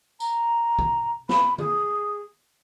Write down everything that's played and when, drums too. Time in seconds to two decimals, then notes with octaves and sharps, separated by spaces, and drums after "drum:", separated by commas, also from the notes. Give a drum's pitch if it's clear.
0.20 A#5, drum: tambourine
0.79 drum: kick B1
1.29 B5, drum: snare
1.58 G#4, drum: tom D3